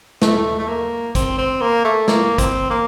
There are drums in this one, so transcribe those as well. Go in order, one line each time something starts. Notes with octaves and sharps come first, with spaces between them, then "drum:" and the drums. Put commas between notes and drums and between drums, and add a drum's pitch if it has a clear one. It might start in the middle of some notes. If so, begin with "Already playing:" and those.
A3, drum: snare
A3
A#3
C4, drum: kick G#1, hi-hat
C4
A#3
A3
A#3, drum: snare
C4, drum: kick G#1, hi-hat
A#3